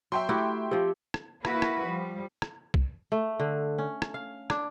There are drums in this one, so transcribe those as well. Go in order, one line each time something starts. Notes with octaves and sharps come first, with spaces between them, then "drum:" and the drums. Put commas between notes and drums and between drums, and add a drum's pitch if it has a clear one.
F#3 E5 G5 C6
A3 E4 F#4 G4
F3 C4 G4
drum: rim click
A#3 E4 F#4 B4, drum: rim click
drum: rim click
F3 G3
drum: rim click
drum: kick C2
A3
D3
C#4
drum: rim click
F5
D4, drum: rim click